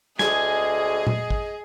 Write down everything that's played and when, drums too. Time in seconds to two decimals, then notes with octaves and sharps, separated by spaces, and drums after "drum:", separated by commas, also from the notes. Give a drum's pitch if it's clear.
0.19 D2 G#4 D#5 G#5, drum: snare
1.07 drum: tom A#2
1.30 drum: kick